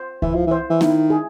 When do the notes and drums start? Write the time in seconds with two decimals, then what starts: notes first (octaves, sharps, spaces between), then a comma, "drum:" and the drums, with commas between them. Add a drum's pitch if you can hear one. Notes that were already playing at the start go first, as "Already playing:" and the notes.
Already playing: C5
0.22 E3 E4, drum: kick C#2
0.35 F3
0.47 E3 C5
0.70 E3
0.81 D#3 E4, drum: snare B3
1.10 G#4